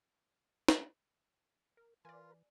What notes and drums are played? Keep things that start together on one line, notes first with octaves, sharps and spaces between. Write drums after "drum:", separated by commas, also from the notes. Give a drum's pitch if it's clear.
drum: snare
A#4
E3 F4 A#4 B4 D5 G#5